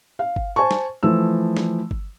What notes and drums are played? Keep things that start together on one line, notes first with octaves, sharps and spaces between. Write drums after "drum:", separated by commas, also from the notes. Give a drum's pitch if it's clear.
F5
drum: kick G1
C5 G#5 A5 C#6
drum: snare
E3 F3 A3 E6
drum: snare
drum: kick G1